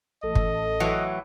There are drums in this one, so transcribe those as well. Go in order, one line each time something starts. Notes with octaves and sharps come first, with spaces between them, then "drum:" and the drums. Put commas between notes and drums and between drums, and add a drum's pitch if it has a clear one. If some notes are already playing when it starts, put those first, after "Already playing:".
A1 A4 D#5
drum: kick
A2 E3 F#3